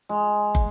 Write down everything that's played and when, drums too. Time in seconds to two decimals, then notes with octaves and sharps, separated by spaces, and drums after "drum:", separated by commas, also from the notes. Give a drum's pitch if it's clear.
0.09 G#3
0.55 drum: kick